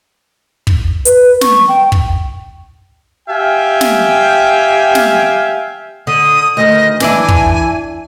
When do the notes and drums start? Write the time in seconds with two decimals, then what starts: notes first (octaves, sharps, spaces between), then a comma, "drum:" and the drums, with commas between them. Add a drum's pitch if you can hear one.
0.67 drum: kick
1.05 B4, drum: hi-hat
1.41 C#6, drum: snare
1.68 G5
1.92 drum: kick
3.29 G4 E5 F5 G5 G#5
3.81 drum: snare
4.95 drum: snare
6.07 D3 D#6
6.57 D2 D#3 D#5
7.00 E3 D4 E4 G#5, drum: snare
7.28 drum: kick